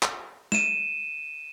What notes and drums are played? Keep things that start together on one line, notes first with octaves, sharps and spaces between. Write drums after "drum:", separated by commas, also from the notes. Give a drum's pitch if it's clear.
drum: clap
D#7 E7, drum: snare